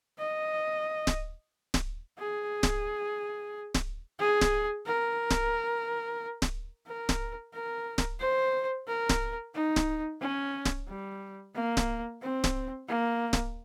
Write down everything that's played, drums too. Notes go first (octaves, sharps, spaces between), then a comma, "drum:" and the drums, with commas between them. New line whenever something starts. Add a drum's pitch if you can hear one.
D#5
drum: snare D1
drum: snare D1
G#4
drum: snare D1
drum: snare D1
G#4
drum: snare D1
A#4
drum: snare D1
drum: snare D1
A#4
drum: snare D1
A#4
drum: snare D1
C5
A#4
drum: snare D1
D#4
drum: snare D1
C#4
drum: snare D1
G3
A#3
drum: snare D1
C4
drum: snare D1
A#3
drum: snare D1